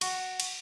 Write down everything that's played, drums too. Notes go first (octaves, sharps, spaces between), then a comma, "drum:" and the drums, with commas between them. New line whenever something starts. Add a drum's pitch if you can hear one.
F#4, drum: cymbal
drum: cymbal